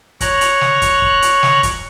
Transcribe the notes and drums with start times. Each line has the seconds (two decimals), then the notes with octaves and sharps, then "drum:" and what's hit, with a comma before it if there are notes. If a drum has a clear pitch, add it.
0.21 C#5 A#5 C#6 F#6, drum: kick, hi-hat
0.41 drum: hi-hat
0.61 drum: snare
0.82 drum: kick, hi-hat
1.02 drum: kick
1.22 drum: hi-hat
1.43 drum: snare
1.63 drum: kick, hi-hat